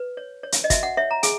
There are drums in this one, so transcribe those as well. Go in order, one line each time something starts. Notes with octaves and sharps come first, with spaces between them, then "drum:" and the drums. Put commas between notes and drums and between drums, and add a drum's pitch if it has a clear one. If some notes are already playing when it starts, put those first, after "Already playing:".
Already playing: B4
C#5
C#5
drum: hi-hat
D#5
F#4 E5, drum: kick, hi-hat
F#5
C#5 E5
A#5
G#4 G#5, drum: hi-hat